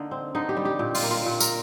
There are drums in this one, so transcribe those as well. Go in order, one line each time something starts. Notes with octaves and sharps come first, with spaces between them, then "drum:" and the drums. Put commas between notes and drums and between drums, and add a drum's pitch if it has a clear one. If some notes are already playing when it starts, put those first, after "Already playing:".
Already playing: D3 A#3 D#4
C4
D3 D#4
G4
G3
G4
A#2
F4, drum: open hi-hat
A#3
F4
A#2
A#4, drum: tambourine